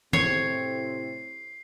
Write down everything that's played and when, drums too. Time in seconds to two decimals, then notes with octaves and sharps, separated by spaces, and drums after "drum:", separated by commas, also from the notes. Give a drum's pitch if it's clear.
0.13 A2 C3 C4 C#5 C7, drum: tom